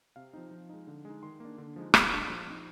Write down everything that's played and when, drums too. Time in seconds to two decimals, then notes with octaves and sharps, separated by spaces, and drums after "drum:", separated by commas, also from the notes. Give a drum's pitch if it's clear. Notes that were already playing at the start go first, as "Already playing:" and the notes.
0.16 C3 F5
0.34 F3 C4 D#4
0.51 F3
0.69 G#3 D#4
0.87 D3
1.05 G#3 D#4
1.22 D#3 C6
1.40 A#3 D4
1.58 D3
1.76 F3 G#3 D#4
1.94 A#2, drum: rim click
2.12 G#3 D4
2.29 F3
2.47 C4 D#4